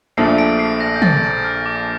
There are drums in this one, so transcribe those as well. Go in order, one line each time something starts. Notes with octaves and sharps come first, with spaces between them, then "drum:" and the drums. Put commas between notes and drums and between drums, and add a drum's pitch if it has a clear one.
A#1 A#2 F3 A3 D4 C7
D7
C7
A#6
G6
A6, drum: tom
G6
F6
D6